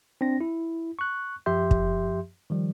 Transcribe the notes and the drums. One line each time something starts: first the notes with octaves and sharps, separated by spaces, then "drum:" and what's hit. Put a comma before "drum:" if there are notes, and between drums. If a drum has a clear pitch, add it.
C4 D4 A#6
E4
C#6 F#6
F#2 F3 G4 E5 C6 G6
drum: kick
D#3 F3 G3